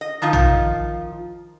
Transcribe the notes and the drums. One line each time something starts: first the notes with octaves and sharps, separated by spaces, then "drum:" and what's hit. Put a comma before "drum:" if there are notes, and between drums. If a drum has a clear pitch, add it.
D#5
D#3 F3 D#4 F4
drum: tom A#1